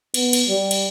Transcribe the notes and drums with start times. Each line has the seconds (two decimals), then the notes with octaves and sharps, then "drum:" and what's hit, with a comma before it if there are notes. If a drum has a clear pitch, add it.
0.14 B3, drum: cymbal
0.33 drum: cymbal
0.49 G3
0.71 drum: cymbal